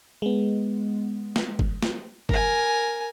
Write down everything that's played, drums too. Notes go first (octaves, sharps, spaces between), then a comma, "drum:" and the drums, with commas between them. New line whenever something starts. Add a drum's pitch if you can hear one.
G#3 B3
drum: snare
drum: kick
drum: snare
A#4 G#5, drum: kick